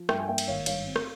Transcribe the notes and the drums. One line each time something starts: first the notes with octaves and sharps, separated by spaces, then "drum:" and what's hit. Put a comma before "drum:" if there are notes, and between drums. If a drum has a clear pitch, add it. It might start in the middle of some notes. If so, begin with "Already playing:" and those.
Already playing: F3
G2 E5 G5, drum: rim click
G#5
A#3 E5 G5
drum: cymbal
G#1 C#5 F5
G2 C#5 F5, drum: cymbal
C4
drum: rim click